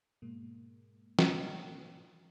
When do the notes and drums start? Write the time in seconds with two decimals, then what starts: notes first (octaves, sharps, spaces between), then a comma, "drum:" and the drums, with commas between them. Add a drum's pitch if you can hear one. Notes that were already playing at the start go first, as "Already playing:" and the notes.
0.22 G#2 B2 G#3 A#3
1.19 drum: snare